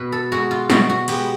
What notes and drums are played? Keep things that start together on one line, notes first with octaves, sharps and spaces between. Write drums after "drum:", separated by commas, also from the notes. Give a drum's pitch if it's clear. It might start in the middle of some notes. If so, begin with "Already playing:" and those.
Already playing: B2 B4
A4
G#3 B3 F#4
F4
B2 F#4, drum: snare
F#4
G#3 B3 G4, drum: cymbal